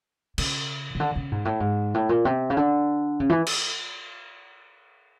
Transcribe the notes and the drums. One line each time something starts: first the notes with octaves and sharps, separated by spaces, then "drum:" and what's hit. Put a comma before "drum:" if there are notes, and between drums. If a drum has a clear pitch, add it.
C#3, drum: cymbal
C#3
D3
C#3
G#2
A2
G#2
A2
A#2
C3
C#3
D3
C#3
E3
drum: cymbal